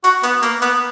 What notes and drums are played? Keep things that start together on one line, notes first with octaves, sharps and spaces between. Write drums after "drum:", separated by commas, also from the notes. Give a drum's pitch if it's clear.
F#4, drum: hi-hat
B3, drum: hi-hat
A#3, drum: hi-hat
B3, drum: hi-hat